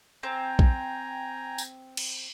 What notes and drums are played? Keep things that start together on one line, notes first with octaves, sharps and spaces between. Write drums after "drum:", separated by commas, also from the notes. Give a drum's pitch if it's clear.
C4 G5 G#5 A#5
drum: kick A#1
drum: tambourine
drum: cymbal